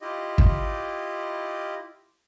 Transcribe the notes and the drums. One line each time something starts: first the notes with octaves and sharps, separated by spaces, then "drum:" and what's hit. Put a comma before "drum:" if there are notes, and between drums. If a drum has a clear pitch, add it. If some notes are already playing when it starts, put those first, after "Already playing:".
E4 F4 G4 D#5
drum: kick